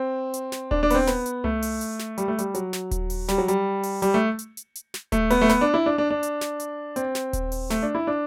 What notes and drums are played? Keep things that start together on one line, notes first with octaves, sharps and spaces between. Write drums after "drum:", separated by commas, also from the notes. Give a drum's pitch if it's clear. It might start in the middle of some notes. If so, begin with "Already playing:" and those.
Already playing: C4
drum: hi-hat
drum: snare
D4, drum: kick D#1
D4
B3, drum: open hi-hat
C4
B3, drum: snare
drum: hi-hat
A3, drum: tom C2
drum: open hi-hat
drum: hi-hat
drum: snare
G3, drum: hi-hat
A3
G3, drum: hi-hat
F#3, drum: hi-hat
drum: snare
drum: kick D#1, hi-hat
drum: open hi-hat
G3, drum: snare
F#3
G3, drum: hi-hat
drum: open hi-hat
G3, drum: hi-hat
A3
drum: hi-hat
drum: hi-hat
drum: hi-hat
drum: snare
A3, drum: kick D#1, hi-hat
B3, drum: open hi-hat
A3
B3, drum: snare
D4
E4
D4
D4
D4
drum: hi-hat
drum: snare
drum: hi-hat
C4, drum: hi-hat
drum: snare
drum: kick D#1, hi-hat
drum: open hi-hat
A3, drum: snare
D4
E4
D4